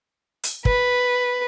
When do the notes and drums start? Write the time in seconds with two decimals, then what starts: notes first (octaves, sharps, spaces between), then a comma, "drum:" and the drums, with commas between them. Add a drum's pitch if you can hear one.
0.43 drum: hi-hat
0.65 B4, drum: kick